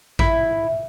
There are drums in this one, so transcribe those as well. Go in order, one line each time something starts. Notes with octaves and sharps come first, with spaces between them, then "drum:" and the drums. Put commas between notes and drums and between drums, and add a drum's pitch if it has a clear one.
E4, drum: kick A1